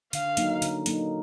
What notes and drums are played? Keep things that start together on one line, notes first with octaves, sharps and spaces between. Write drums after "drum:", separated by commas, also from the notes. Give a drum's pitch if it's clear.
D3 F5, drum: hi-hat
F#3 A#3 D#4, drum: hi-hat
D3, drum: hi-hat
F#3 A#3 D#4, drum: hi-hat